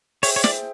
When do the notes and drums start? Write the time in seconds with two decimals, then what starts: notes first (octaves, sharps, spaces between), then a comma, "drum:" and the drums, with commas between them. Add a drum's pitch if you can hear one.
0.23 G#4 C5 C#5 E5 G5, drum: open hi-hat
0.36 C#5
0.44 D5, drum: snare